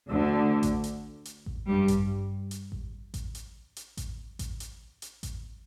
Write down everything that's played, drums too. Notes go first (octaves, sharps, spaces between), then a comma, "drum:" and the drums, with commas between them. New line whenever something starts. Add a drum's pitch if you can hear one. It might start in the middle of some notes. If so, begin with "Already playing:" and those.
D2 D3
drum: kick A1, hi-hat
drum: hi-hat
drum: hi-hat
drum: kick A1
G2 G3
drum: kick A1, hi-hat
drum: hi-hat
drum: kick A1
drum: kick A1, hi-hat
drum: hi-hat
drum: hi-hat
drum: kick A1, hi-hat
drum: kick A1, hi-hat
drum: hi-hat
drum: hi-hat
drum: kick A1, hi-hat